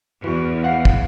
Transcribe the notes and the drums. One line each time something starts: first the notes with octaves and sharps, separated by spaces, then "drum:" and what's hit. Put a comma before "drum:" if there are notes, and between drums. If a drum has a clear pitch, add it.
E2 E3 F#4
F5 F#5
drum: kick